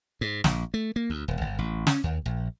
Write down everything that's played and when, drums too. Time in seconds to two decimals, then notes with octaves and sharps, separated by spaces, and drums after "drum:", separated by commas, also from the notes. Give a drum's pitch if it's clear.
0.21 G#2
0.44 A#1, drum: snare
0.74 A3
0.96 A#3
1.10 D2
1.28 D#1
1.41 G1
1.59 A1
1.87 C#4, drum: snare
2.04 D#2
2.26 A#1